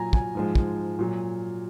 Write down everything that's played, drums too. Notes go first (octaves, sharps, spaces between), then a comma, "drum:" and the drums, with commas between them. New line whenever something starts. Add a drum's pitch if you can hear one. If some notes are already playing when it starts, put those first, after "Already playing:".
Already playing: A#2 F#3 G#5 A#5
G#5, drum: kick
G#2 F3 G#3
drum: kick
A#2 F#3